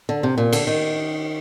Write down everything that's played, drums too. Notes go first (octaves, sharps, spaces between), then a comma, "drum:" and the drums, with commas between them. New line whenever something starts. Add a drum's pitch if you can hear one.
D3
C3
A#2
D3, drum: cymbal
D#3